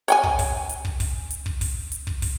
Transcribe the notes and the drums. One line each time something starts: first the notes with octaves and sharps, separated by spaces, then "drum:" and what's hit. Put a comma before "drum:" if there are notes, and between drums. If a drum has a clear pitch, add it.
C#5 G5 G#5, drum: hi-hat
drum: kick
drum: kick, open hi-hat
drum: hi-hat
drum: kick
drum: kick, open hi-hat
drum: hi-hat
drum: kick
drum: kick, open hi-hat
drum: hi-hat
drum: kick
drum: kick, open hi-hat